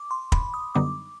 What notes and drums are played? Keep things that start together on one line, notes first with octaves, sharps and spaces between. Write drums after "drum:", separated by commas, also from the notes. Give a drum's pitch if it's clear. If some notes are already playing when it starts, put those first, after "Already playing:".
Already playing: D6
C6
B5, drum: kick
D#6
F#2 D3 G3 B3 D#4 D6